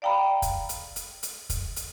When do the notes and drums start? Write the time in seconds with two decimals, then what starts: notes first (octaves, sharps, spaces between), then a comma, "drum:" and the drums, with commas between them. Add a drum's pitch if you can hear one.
0.02 D5 F5 G5 A#5 B5
0.42 drum: kick, hi-hat
0.69 drum: hi-hat
0.96 drum: hi-hat
1.23 drum: hi-hat
1.49 drum: kick, hi-hat
1.76 drum: hi-hat